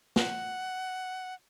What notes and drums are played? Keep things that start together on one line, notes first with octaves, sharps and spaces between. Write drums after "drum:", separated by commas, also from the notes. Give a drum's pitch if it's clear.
F#5, drum: snare